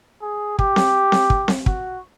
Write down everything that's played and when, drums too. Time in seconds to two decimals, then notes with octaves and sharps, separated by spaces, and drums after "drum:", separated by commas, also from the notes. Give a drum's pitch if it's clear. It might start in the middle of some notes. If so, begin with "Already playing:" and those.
0.22 G#4
0.59 G4, drum: kick
0.76 drum: snare C4
1.12 drum: snare C4
1.30 drum: kick
1.48 drum: snare C4
1.66 F#4, drum: kick